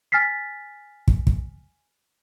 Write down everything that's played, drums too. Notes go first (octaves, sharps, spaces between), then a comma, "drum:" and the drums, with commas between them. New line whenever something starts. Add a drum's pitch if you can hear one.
G#5 F6 A6 B6 C7
drum: kick
drum: kick